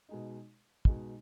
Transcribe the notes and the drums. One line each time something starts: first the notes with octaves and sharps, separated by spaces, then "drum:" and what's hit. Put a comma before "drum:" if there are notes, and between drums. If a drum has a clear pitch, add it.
B2 G#3 D#4
B2 G#3 D#4, drum: kick